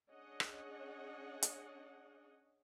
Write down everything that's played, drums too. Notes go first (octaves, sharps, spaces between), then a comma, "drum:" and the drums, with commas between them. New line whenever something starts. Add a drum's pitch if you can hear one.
C#4 D4 G#4 C#5 D#5 F#5
drum: rim click
drum: hi-hat